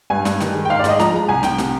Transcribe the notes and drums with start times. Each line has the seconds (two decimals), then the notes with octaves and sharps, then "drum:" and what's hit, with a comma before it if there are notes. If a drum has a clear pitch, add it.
0.10 G2 G#5
0.25 G2, drum: snare
0.40 D#3, drum: snare
0.55 G#3
0.65 G5
0.70 G#2 F5
0.79 D5
0.84 G#2 D#5, drum: snare
0.99 F3 A#5, drum: snare
1.13 G#3 A#5
1.29 C2 G#5
1.43 C2 G5, drum: snare
1.58 C3, drum: snare